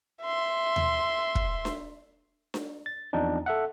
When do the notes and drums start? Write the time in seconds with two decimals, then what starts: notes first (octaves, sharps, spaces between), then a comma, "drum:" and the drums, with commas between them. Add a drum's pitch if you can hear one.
0.22 E5 C6
0.76 drum: tom D#2
1.35 drum: kick
1.65 drum: snare D4
2.54 drum: snare D4
2.86 A6
3.13 E2 F3 C4 D4 D#4
3.46 A4 E5 F#5